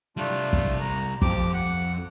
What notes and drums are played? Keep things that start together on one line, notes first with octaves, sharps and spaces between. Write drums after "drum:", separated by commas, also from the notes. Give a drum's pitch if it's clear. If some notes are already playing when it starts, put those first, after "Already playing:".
C2 G3 A3 D4 F4
drum: kick
A#5
F2 F3 G4 D6, drum: kick
F#5